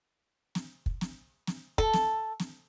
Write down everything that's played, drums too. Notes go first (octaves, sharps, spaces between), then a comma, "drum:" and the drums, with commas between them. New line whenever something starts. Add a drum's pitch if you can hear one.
drum: snare
drum: kick
drum: snare
drum: snare
A4, drum: kick
drum: snare
drum: snare